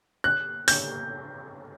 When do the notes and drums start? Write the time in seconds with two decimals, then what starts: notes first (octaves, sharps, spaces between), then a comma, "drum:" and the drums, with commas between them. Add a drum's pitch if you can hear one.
0.24 F#6
0.68 G6, drum: open hi-hat